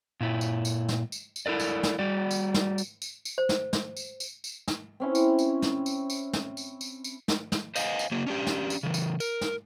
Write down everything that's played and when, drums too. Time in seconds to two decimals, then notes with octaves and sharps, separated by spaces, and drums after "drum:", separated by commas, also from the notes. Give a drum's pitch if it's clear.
0.21 A#2 E4
0.41 drum: tambourine
0.65 drum: tambourine
0.88 drum: snare
1.12 drum: tambourine
1.36 drum: tambourine
1.46 E4 A4 A#4 D5
1.60 drum: tambourine
1.83 drum: snare
1.99 G3 F#4 D5
2.31 drum: tambourine
2.54 drum: snare
2.78 drum: tambourine
3.02 drum: tambourine
3.25 drum: tambourine
3.38 C5
3.49 drum: snare
3.73 drum: snare
3.96 drum: tambourine
4.20 drum: tambourine
4.44 drum: tambourine
4.68 drum: snare
5.00 C4 C#4 E4
5.15 drum: tambourine
5.39 drum: tambourine
5.62 drum: snare
5.86 drum: tambourine
6.10 drum: tambourine
6.33 drum: snare
6.57 drum: tambourine
6.81 drum: tambourine
7.04 drum: tambourine
7.28 drum: snare
7.52 drum: snare
7.76 C5 D#5 F5 G5 G#5, drum: tambourine
7.99 drum: tambourine
8.11 C#3 F#3 A#3
8.27 C#4 D4 G4
8.47 drum: snare
8.70 drum: tambourine
8.83 C#3 E3
8.94 drum: tambourine
9.20 A#4, drum: tambourine
9.41 drum: snare